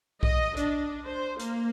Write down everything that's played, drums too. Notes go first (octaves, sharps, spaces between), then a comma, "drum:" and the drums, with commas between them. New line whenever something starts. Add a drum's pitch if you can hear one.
D#5, drum: kick B1
D4, drum: hi-hat
C5
A#3, drum: hi-hat